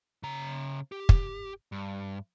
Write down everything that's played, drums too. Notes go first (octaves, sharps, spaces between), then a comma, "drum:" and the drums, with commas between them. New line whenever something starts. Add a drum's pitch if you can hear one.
C#3 A#5
G4
drum: kick
G2